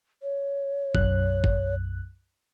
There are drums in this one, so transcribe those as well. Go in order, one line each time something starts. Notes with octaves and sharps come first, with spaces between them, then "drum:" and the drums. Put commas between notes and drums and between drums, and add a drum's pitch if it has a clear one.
C#5
B1 F#2 F#6, drum: kick
drum: kick